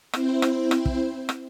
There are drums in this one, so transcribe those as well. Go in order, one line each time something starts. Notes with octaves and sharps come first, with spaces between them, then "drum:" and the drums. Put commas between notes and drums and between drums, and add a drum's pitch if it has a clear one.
C4 E4 C5, drum: rim click
drum: rim click
drum: rim click
drum: kick
drum: rim click